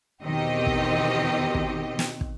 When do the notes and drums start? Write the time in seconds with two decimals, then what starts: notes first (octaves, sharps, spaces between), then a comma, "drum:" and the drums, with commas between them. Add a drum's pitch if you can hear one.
0.22 E2 B2 D#3 C4 G4 D#5
0.66 drum: kick
1.55 drum: kick
1.99 drum: snare
2.21 drum: kick